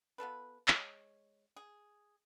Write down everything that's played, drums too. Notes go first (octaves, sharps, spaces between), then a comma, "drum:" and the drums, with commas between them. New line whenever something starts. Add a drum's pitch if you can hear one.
B3 F4 A4 B4
G#3 C#5, drum: clap
G#4